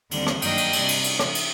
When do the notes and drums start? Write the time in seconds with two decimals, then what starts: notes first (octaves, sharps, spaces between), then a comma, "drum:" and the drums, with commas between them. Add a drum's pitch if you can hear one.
0.11 D#2 D3 G3 C4, drum: cymbal
0.27 drum: rim click
0.42 G2 D#3 F#3 A#3 D4 D#5 G5, drum: cymbal
0.58 drum: cymbal
0.73 C3 G3 D4, drum: cymbal
0.89 drum: cymbal
1.04 drum: cymbal
1.19 drum: rim click
1.35 drum: cymbal